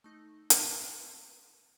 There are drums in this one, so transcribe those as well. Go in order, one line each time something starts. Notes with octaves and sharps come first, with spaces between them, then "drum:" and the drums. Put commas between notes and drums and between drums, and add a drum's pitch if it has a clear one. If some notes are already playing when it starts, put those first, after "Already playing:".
A3 D#4
A#4 B4, drum: hi-hat